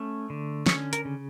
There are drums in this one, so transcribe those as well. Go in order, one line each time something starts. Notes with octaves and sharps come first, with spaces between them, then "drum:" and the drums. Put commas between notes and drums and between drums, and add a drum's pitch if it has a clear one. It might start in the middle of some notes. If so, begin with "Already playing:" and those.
Already playing: A3 C#4
D3
C#4 C#5, drum: snare
A#4, drum: hi-hat
C#3